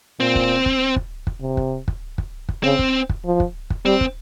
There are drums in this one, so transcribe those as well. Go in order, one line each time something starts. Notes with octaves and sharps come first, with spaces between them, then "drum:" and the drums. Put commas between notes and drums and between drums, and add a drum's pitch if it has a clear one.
A#2 C4
drum: kick
drum: kick
drum: kick
drum: kick
C3
drum: kick
drum: kick
drum: kick
drum: kick
C#3 C4
drum: kick
drum: kick
F3
drum: kick
drum: kick
G3 C4
drum: kick